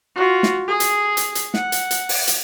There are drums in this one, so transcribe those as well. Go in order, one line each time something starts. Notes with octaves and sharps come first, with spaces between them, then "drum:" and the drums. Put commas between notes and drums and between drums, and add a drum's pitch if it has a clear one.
F4 F#4
drum: snare
G#4
drum: hi-hat
drum: hi-hat
drum: hi-hat
F#5, drum: snare
drum: hi-hat
drum: hi-hat
drum: open hi-hat
drum: hi-hat